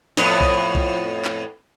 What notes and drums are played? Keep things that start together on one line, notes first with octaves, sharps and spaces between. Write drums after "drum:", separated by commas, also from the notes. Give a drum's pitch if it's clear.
F2 A2 B3, drum: snare
drum: kick B1
drum: kick B1
drum: clap